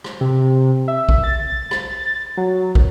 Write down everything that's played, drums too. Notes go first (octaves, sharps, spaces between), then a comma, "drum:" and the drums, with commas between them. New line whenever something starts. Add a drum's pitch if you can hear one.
drum: rim click
C3
E5
drum: kick
A6
drum: rim click
F#3
drum: kick